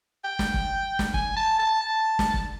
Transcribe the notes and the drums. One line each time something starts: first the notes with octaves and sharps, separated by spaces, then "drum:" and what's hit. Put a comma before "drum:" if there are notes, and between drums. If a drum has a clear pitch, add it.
G5
drum: snare
drum: kick
drum: snare
G#5, drum: kick
A5
A5
A5
drum: snare
drum: kick